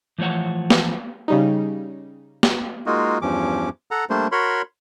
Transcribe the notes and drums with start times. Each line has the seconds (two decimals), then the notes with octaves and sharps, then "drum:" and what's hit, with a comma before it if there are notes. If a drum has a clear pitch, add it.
0.18 E3 F3 A3 C#5 F#5
0.70 drum: snare
1.28 C#3 G3 D#4
2.43 drum: snare
2.86 G#3 A#3 D#4 F4 F#4
3.22 E2 G2 F3 C#4 D6
3.91 A4 F#5 A#5
4.10 G3 A3 A#3 D4 C5
4.32 F#4 A#4 C#5 B5 C6